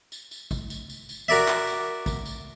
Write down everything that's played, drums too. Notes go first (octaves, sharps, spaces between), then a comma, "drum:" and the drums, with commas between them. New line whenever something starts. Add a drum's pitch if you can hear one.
drum: tambourine
drum: tambourine
drum: kick, tambourine
drum: tambourine
drum: tambourine
drum: tambourine
F#4 A#4 D5 E5
drum: clap
drum: tambourine
drum: kick, tambourine
drum: tambourine